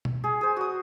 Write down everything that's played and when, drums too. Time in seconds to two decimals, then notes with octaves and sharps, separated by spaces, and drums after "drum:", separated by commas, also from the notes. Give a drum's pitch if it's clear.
0.05 drum: tom B2
0.24 G#4
0.41 G#4 C5
0.57 F#4 D#6